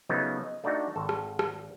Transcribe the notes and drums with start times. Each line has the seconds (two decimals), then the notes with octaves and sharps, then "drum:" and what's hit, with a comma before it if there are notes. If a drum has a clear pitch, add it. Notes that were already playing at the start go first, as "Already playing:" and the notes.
0.09 C#3 F3 F#3 A3 B3 D#4
0.44 D#5
0.64 A3 D4 D#4 F#4 G4
0.96 G#1 A4
1.09 drum: rim click
1.39 drum: rim click